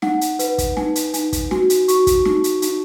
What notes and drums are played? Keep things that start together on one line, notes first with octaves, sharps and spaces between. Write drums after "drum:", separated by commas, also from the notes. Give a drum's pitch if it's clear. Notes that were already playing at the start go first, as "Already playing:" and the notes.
D#4 F#5, drum: snare
drum: hi-hat
B4, drum: hi-hat
drum: kick, hi-hat
D#4 G#5, drum: snare
drum: hi-hat
D#4 G#5, drum: hi-hat
drum: kick, hi-hat
F#4 G#5, drum: snare
drum: hi-hat
F#4 C#6, drum: hi-hat
drum: kick, hi-hat
D#4, drum: snare
drum: hi-hat
D#4, drum: hi-hat